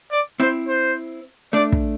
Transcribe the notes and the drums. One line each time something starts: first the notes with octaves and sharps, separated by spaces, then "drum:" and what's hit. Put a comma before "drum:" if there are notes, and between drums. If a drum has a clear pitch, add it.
D5
C4 E4 C5
C5
A3 D4 D5
drum: kick